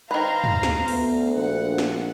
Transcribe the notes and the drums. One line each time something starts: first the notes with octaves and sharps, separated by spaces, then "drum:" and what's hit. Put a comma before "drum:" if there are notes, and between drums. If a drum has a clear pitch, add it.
D#3 B4 C5 F5 A#5
drum: tom
drum: snare
D2 B3, drum: cymbal
A#1 F#5
drum: snare